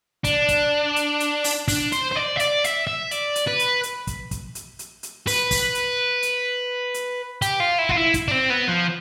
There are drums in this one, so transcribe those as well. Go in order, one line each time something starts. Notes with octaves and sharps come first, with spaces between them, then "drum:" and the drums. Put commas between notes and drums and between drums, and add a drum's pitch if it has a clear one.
D4, drum: kick, hi-hat
drum: kick, hi-hat
drum: hi-hat
drum: hi-hat
drum: open hi-hat
D4, drum: kick, open hi-hat
C5, drum: hi-hat
C5
D5
E5
D5, drum: hi-hat
E5, drum: hi-hat
E5
D5, drum: hi-hat
drum: hi-hat
B4
drum: hi-hat
drum: hi-hat
drum: kick, hi-hat
drum: kick, hi-hat
drum: hi-hat
drum: hi-hat
drum: hi-hat
B4, drum: open hi-hat
drum: kick, open hi-hat
drum: hi-hat
drum: hi-hat
drum: hi-hat
G4, drum: hi-hat
F4
E4
F4, drum: kick
E4
drum: kick, hi-hat
D4
C4
B3
F3